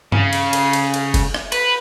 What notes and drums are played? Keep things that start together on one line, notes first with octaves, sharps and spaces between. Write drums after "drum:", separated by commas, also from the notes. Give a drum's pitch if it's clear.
C#3, drum: tom G2
drum: cymbal
drum: cymbal
drum: cymbal
drum: cymbal
drum: kick F#1, cymbal
drum: rim click
B4, drum: cymbal